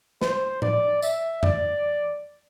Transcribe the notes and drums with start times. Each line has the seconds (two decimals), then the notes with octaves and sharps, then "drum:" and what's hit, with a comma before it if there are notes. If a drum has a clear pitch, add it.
0.21 C5, drum: snare
0.62 D5, drum: tom A2
1.02 E5, drum: tambourine
1.43 D5, drum: tom F2